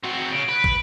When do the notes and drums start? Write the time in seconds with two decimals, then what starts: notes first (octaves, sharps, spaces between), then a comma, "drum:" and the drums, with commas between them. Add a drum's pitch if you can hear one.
0.03 C4 F#4
0.32 C#3 D7
0.49 B4
0.64 drum: kick